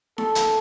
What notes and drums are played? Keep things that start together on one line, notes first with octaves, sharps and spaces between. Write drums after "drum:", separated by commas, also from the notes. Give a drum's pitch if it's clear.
A4, drum: snare D#4
drum: hi-hat